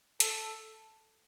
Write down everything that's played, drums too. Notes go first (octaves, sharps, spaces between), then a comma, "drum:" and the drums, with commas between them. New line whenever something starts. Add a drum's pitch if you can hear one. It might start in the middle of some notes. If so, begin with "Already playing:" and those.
A4, drum: hi-hat